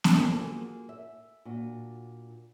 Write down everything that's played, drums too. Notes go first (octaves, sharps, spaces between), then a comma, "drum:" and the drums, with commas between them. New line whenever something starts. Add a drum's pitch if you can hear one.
drum: snare B3
A#3 C4 D4 F4 G#4 A4
A#3 F4 F#4 G#4
E5
A#2 D4 F#4